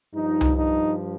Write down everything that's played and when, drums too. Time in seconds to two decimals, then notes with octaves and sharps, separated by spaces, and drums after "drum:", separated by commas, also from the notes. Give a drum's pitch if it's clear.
0.14 G2 F3 D#4
0.41 drum: tom C2
0.56 D#4